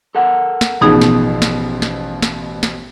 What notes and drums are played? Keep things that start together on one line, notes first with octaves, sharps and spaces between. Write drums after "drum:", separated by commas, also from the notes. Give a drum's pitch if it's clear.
A4 A#4 F#5
drum: snare
A1 B2 F3 B3 D#4 G#4
drum: snare
drum: snare
drum: snare
drum: snare
drum: snare